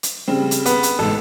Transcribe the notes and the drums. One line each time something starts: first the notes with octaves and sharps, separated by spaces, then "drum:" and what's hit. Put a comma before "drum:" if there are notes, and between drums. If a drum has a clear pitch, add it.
drum: hi-hat
C#3 G3 C4
drum: hi-hat
B3, drum: hi-hat
drum: hi-hat
A1 G#2 A4